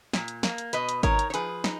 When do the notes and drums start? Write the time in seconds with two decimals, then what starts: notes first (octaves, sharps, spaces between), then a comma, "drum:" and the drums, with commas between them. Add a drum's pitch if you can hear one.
0.13 A#2, drum: snare
0.28 drum: hi-hat
0.43 A#3, drum: snare
0.58 drum: hi-hat
0.73 B2 B4 D#5, drum: hi-hat
0.89 drum: hi-hat
1.03 D#4 A#4 C#5, drum: kick G#1, hi-hat
1.19 drum: hi-hat
1.30 C#5
1.34 F3 G#4 B4, drum: hi-hat
1.64 D#4, drum: snare